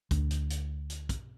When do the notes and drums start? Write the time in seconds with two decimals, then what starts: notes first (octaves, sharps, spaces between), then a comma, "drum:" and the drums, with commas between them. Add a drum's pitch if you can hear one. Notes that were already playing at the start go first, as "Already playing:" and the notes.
0.11 D2, drum: kick, hi-hat
0.31 drum: hi-hat
0.50 drum: hi-hat
0.90 drum: hi-hat
1.09 drum: kick, hi-hat